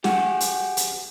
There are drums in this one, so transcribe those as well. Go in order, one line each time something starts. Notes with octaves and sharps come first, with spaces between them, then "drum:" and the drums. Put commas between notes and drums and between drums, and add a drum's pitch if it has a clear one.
G4 G#4 F#5, drum: snare
drum: hi-hat
drum: hi-hat